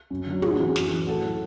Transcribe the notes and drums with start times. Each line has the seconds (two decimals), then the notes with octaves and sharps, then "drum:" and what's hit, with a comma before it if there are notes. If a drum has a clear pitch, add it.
0.10 F#2
0.26 D3 F#3
0.42 A2 G#4, drum: tom
0.52 F#4
0.59 E3 G#4
0.76 F#2, drum: snare
0.91 E3
1.07 A2 F#4 A4
1.24 F#3